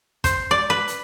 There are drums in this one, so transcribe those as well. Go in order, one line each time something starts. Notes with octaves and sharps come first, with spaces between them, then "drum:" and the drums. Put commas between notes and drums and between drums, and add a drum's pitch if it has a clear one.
C5, drum: kick, hi-hat
D5
B4
drum: hi-hat